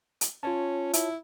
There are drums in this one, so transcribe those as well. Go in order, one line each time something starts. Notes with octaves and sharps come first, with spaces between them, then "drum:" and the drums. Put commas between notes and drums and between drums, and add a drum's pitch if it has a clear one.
drum: hi-hat
C#4 F4 C#5 A5
E4, drum: hi-hat